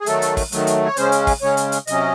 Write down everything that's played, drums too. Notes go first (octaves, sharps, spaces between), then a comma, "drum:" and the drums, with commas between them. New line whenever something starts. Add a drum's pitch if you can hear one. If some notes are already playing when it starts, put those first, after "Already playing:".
G#4
D#3 F#3 A3 A4, drum: hi-hat
drum: hi-hat
drum: kick, open hi-hat
D#3 F#3 A3, drum: hi-hat
drum: hi-hat
C#5
C#3 G#3 C#4 C5, drum: hi-hat
drum: hi-hat
drum: kick, open hi-hat
C#3 G#3 C#4 C#5
drum: hi-hat
drum: hi-hat
C3 F#3 C#4 D#5, drum: hi-hat